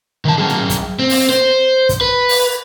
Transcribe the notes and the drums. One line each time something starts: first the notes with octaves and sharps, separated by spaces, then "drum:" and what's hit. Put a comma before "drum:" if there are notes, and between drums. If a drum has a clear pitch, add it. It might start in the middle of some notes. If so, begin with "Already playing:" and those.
D#3 A5
F#3 G#4
drum: tom
drum: kick, hi-hat
C4
drum: open hi-hat
C5
drum: kick, hi-hat
B4
drum: open hi-hat